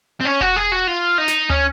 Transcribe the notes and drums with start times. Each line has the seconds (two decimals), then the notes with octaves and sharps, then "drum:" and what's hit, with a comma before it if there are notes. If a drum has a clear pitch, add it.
0.20 C4
0.25 C#4
0.41 F#4, drum: kick E1
0.56 G#4
0.72 F#4
0.87 F4
1.18 D#4
1.28 drum: snare
1.50 C#4, drum: tom